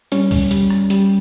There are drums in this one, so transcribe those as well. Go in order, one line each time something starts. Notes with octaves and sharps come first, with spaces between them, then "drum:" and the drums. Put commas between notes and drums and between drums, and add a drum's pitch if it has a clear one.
G3 C#4, drum: hi-hat
drum: kick C2, open hi-hat
G3, drum: hi-hat
drum: rim click
G3, drum: hi-hat